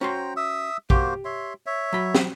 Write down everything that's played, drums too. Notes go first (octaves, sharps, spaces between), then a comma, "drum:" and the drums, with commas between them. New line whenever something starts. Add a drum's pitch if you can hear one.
C#4 F#4 C5 G5 A#5 C6
E5 D#6 E6
A#3 F#4 G4 C5, drum: kick A#1
C#5 E5 C6
C#5 E5
F#3 B5
drum: snare